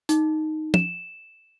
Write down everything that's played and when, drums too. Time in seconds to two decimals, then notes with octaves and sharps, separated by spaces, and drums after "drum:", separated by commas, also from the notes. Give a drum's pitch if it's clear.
0.09 D#4, drum: hi-hat
0.74 E7, drum: tom